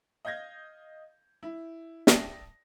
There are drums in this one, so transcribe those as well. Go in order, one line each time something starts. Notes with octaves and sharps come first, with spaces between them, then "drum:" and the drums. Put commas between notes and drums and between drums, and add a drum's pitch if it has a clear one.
D#5 F5 G6 G#6 A#6
E4
D5 E5 G5 A5 D#6 A#6, drum: snare